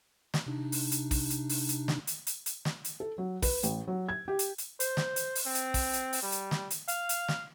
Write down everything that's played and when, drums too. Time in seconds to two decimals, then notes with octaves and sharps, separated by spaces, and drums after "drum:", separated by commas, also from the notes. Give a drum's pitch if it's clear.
0.34 drum: snare
0.46 C3 D4 D#4
0.72 drum: open hi-hat
0.92 drum: hi-hat
1.11 drum: kick, open hi-hat
1.30 drum: hi-hat
1.49 drum: open hi-hat
1.69 drum: hi-hat
1.88 drum: snare
2.07 drum: hi-hat
2.27 drum: hi-hat
2.46 drum: hi-hat
2.65 drum: snare
2.85 drum: hi-hat
3.00 A4
3.18 F#3
3.42 B4, drum: kick, open hi-hat
3.63 A1, drum: hi-hat
3.88 F#3
4.09 G#6
4.28 G4
4.39 drum: hi-hat
4.58 drum: hi-hat
4.80 C5, drum: hi-hat
4.97 drum: snare
5.16 drum: hi-hat
5.35 drum: open hi-hat
5.45 C4
5.55 drum: hi-hat
5.74 drum: kick, open hi-hat
5.93 drum: hi-hat
6.13 drum: open hi-hat
6.22 G3
6.32 drum: hi-hat
6.51 drum: snare
6.71 drum: hi-hat
6.88 F5, drum: hi-hat
7.09 drum: hi-hat
7.28 drum: snare